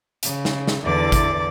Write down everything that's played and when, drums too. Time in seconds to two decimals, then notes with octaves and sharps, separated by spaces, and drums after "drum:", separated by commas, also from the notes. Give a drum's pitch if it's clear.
0.23 C#3, drum: hi-hat
0.45 drum: snare
0.68 drum: snare
0.83 E2 D3 E3 D5 D6 A6
1.12 drum: kick, hi-hat